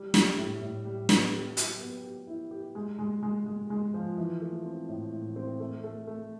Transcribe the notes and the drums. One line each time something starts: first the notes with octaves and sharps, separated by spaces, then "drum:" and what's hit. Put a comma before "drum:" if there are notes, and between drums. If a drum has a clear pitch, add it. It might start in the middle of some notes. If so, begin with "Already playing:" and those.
Already playing: G3
G3, drum: snare
A2
A2
G3
B3, drum: snare
G4
F#3, drum: hi-hat
B3
G4
E4
G4
G#3
G#3
G#3
G#3
G#3
F3
E3
A3
C4
A2
A2
C4
A3
A3
A3